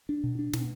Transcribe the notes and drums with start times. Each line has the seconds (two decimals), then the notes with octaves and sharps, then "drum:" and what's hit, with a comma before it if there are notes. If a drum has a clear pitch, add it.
0.09 D4
0.24 B2
0.39 D4
0.53 B2, drum: snare